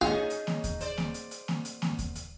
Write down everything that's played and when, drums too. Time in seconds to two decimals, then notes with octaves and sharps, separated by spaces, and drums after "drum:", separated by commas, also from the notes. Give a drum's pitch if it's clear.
0.01 C#4 D#4 F4 G#4
0.30 drum: hi-hat
0.47 drum: snare A#3
0.64 drum: kick D#2, hi-hat
0.81 C5 D5, drum: hi-hat
0.98 drum: snare A#3
1.14 drum: hi-hat
1.31 drum: hi-hat
1.48 drum: snare A#3
1.65 drum: hi-hat
1.82 drum: snare A#3
1.99 drum: kick D#2, hi-hat
2.16 drum: hi-hat